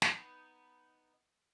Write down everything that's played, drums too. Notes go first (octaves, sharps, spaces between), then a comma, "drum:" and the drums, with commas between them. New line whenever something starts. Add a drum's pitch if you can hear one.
B3 D#4, drum: snare